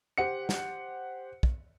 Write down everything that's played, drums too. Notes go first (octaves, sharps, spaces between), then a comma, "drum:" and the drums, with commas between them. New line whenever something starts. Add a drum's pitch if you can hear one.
G4 C5 F#5 C#7
drum: snare
drum: kick